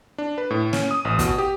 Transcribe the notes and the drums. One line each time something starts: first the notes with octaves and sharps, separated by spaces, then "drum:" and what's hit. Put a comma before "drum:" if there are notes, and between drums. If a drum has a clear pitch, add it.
D4
B4
A2
C#4, drum: snare
D#6
A1
B2, drum: kick, hi-hat
G4